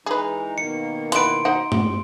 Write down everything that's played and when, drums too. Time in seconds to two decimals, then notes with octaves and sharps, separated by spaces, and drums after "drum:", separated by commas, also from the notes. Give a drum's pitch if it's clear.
0.06 E3 G#3 D#4 G#4 B4
0.58 B2 D#3 A#3 C#7
1.12 E4 F#4 B4 C6 D7, drum: hi-hat
1.45 D#4 C5 F#5
1.72 drum: tom